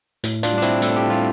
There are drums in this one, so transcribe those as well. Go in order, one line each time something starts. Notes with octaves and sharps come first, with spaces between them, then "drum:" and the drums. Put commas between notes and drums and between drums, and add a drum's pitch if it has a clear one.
A2, drum: hi-hat
D4 F4, drum: hi-hat
G3
D4
C4 E4, drum: hi-hat
A2 A4, drum: hi-hat
G4
G3 F4